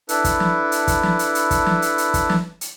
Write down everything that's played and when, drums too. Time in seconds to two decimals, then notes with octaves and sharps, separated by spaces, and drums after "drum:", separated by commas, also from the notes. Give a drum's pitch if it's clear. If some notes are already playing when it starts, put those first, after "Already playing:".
0.09 D4 E4 A4 B4, drum: hi-hat
0.24 drum: kick, hi-hat
0.40 drum: snare
0.72 drum: hi-hat
0.88 drum: kick, hi-hat
1.03 drum: snare
1.19 drum: hi-hat
1.35 drum: hi-hat
1.51 drum: kick, hi-hat
1.66 drum: snare
1.82 drum: hi-hat
1.98 drum: hi-hat
2.14 drum: kick, hi-hat
2.29 drum: snare
2.61 drum: hi-hat